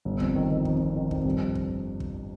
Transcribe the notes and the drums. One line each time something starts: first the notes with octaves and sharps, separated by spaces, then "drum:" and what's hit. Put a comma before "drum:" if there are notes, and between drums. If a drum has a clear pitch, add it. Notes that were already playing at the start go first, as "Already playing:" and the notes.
G1
F2, drum: kick
D#3
D#3
F2, drum: kick
F2
D#3
F2, drum: kick
G2
drum: kick
drum: kick